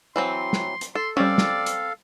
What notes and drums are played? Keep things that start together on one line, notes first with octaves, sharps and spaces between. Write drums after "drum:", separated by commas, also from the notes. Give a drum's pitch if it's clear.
E3 F#3 C4 C6
drum: snare
drum: hi-hat
A4 C6
G3 C4 C#4 A4 D5 F5
drum: snare
drum: hi-hat